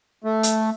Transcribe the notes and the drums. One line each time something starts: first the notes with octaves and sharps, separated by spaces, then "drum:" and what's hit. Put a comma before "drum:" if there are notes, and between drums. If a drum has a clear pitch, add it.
A3
drum: hi-hat